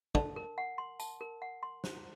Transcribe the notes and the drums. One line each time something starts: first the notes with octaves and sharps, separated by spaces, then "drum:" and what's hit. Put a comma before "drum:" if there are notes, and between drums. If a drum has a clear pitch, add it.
D3 A5, drum: kick
A#4
F#5
C6
A5, drum: tambourine
A#4
F#5
C6
C5, drum: snare